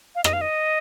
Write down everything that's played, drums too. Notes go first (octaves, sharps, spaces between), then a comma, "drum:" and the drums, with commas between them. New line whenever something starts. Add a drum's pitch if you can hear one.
F5
D#5, drum: rim click
F5
D#5